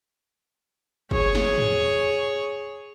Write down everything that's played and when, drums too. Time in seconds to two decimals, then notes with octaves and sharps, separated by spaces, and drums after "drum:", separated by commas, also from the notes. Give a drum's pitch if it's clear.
1.11 G#4 C#5, drum: kick
1.35 drum: snare
1.58 drum: tom